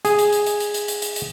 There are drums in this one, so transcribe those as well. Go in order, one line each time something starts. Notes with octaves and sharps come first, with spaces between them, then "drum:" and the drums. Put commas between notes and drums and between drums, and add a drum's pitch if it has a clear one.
G#4, drum: hi-hat
drum: hi-hat
drum: hi-hat
drum: hi-hat
drum: hi-hat
drum: hi-hat
drum: hi-hat
drum: hi-hat
drum: hi-hat